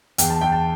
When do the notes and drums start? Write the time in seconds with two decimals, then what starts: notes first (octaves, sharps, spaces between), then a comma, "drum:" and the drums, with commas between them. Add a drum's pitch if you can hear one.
0.18 E2 G5, drum: hi-hat
0.30 A5
0.41 E2 G5
0.52 A5